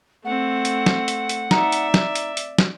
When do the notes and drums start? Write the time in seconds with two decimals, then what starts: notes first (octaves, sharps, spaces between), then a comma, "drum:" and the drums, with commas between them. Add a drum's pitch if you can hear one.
0.25 A3 C4 F#5
0.65 drum: hi-hat
0.86 drum: snare
1.08 drum: hi-hat
1.29 drum: hi-hat
1.51 D#4 D5 E5, drum: snare
1.72 drum: hi-hat
1.94 drum: snare
2.15 drum: hi-hat
2.37 drum: hi-hat
2.58 drum: snare